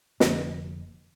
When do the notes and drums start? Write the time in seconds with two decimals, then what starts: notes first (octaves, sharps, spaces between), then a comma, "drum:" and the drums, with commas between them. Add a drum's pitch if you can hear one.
0.20 F1 D3 F3 A#3, drum: snare